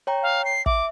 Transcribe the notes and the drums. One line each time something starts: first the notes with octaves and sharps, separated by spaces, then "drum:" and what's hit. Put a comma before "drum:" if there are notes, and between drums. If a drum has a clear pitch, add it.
C#5 G5 A#5
F5
C7
E5 D6, drum: kick